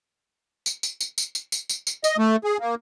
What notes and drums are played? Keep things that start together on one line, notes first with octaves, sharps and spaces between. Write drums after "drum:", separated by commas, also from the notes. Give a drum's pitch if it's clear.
drum: tambourine
drum: tambourine
drum: tambourine
drum: tambourine
drum: tambourine
drum: tambourine
drum: tambourine
drum: tambourine
D#5, drum: tambourine
A3
G#4
A#3